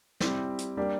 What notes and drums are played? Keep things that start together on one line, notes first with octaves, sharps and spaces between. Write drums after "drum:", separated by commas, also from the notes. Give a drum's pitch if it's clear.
G3 C4 E4 G4, drum: snare
drum: hi-hat
G3 A#3 D4 G4